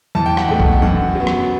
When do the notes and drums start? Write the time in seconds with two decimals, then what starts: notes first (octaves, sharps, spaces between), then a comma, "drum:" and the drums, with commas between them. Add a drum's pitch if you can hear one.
0.15 E2 A5
0.26 G5
0.37 F#5, drum: rim click
0.49 B2 A3 G5
0.60 drum: kick B1
0.82 F#2 F#5
1.15 F#3 B3
1.27 drum: rim click